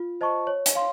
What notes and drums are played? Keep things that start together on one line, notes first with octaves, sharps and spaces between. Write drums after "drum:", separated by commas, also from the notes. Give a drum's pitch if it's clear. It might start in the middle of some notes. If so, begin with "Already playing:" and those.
Already playing: F4
C5 D#5 A5 C#6
C#5
drum: hi-hat
F5 C6